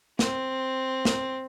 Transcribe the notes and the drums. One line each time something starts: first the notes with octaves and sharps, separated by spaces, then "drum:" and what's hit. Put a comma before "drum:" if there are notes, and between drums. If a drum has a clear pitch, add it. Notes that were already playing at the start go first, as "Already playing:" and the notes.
C4, drum: snare
drum: snare